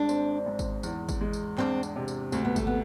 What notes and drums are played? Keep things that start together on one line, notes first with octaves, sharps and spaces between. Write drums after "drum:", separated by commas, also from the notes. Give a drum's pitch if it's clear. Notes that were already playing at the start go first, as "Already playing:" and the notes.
Already playing: G#1 G#3 D4
C4, drum: tambourine
G#2
drum: kick G#1, tambourine
E2, drum: tambourine
drum: kick G#1, tambourine
G#3
drum: tambourine
C4 D4, drum: clap
drum: tambourine
C3
drum: tambourine
D2 C4, drum: tambourine
B3
A3, drum: kick G#1, tambourine
B3